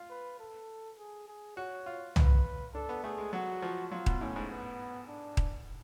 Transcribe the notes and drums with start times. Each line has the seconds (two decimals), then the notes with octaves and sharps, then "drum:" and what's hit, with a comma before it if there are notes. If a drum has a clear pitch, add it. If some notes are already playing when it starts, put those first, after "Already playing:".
Already playing: F4
0.10 B4
0.40 A4
0.98 G#4
1.28 G#4
1.56 F#4 C#5
1.86 F4
2.16 B4, drum: tom C2
2.74 D4 A4
2.89 B3
3.04 A3 G#4
3.18 G#3
3.33 F#3 F#4
3.62 F3
3.92 F#3 F4
4.06 B2, drum: kick D#1
4.21 A2 C#4
4.36 G#2
4.51 B3
5.09 D4
5.37 drum: kick D#1